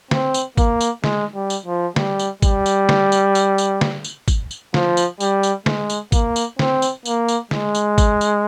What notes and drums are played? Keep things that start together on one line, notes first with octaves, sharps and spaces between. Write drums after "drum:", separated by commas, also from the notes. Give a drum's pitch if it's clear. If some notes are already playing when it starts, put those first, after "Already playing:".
C4, drum: snare
drum: tambourine
A#3, drum: kick, tambourine
drum: tambourine
G#3, drum: snare
G3
drum: tambourine
F3
G3, drum: snare
drum: tambourine
G3, drum: kick, tambourine
drum: tambourine
drum: snare
drum: tambourine
drum: tambourine
drum: tambourine
drum: snare
drum: tambourine
drum: kick, tambourine
drum: tambourine
F3, drum: snare
drum: tambourine
G3, drum: tambourine
drum: tambourine
G#3, drum: snare
drum: tambourine
A#3, drum: kick, tambourine
drum: tambourine
C4, drum: snare
drum: tambourine
A#3, drum: tambourine
drum: tambourine
G#3, drum: snare
drum: tambourine
drum: kick, tambourine
drum: tambourine